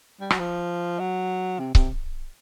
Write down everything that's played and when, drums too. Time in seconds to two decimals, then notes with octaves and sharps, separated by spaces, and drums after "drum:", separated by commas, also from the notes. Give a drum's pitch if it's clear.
0.20 G3
0.30 F#3, drum: rim click
0.39 F3
0.99 F#3
1.59 C3
1.75 C3, drum: kick C#1